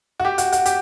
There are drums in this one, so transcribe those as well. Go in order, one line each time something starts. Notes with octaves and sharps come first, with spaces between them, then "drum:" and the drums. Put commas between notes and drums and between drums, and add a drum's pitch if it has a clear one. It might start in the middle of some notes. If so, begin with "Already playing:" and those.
F#4
G4
F#4, drum: hi-hat
F#4, drum: hi-hat
G4, drum: hi-hat